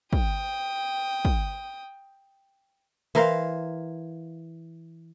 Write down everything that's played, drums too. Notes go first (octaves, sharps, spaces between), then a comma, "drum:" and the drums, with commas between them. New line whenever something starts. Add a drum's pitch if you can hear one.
G5 D#6, drum: kick
drum: kick
E3 A#4 C5 F5, drum: open hi-hat